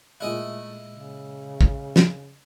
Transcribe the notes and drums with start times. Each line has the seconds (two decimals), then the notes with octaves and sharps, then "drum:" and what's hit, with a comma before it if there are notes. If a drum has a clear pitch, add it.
0.20 A#2 G#3 A3 E4 D#5 D#6 F#6
0.90 C#3
1.61 drum: kick
1.96 drum: snare